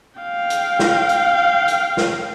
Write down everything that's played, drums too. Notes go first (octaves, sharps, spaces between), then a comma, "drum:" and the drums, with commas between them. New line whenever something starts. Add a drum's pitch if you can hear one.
F5 G5
drum: hi-hat
drum: snare
drum: hi-hat
drum: hi-hat
drum: snare